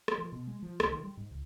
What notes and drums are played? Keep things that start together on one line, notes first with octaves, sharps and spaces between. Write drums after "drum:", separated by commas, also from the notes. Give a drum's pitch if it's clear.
drum: rim click
F3
B2
G#3
F3
C2, drum: rim click
D#3
G3
G#2
C#2